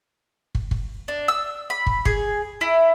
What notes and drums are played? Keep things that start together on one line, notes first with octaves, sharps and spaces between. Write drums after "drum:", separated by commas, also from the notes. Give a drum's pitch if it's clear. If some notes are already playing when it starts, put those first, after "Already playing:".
drum: kick
drum: kick
D4
E6
B5
drum: kick
G#4, drum: kick
E4